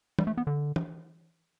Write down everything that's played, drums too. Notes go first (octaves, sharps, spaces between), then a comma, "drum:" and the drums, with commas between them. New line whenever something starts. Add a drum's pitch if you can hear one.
G3, drum: tom
A3
B3
D3
drum: tom